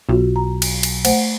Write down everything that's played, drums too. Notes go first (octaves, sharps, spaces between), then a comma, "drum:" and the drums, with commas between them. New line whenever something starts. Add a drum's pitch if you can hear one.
B1 F4 F#4
A#5
drum: cymbal
drum: cymbal
A3 C5 F#5, drum: cymbal